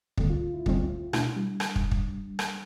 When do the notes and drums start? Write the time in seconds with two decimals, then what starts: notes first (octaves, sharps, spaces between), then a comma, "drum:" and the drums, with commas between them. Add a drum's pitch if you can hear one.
0.17 D2 D3 G3 A3 C4, drum: kick
0.30 F4
0.54 E4
0.66 D2 D3 G3 C4, drum: kick
1.13 B2 A3 D4 E4, drum: rim click
1.36 G3
1.60 drum: rim click
1.76 drum: kick
1.91 drum: kick
2.39 drum: rim click